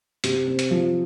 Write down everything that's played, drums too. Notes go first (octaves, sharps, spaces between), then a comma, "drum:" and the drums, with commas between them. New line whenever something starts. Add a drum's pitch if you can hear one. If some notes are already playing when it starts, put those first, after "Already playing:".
C3, drum: hi-hat
C4
drum: hi-hat
F3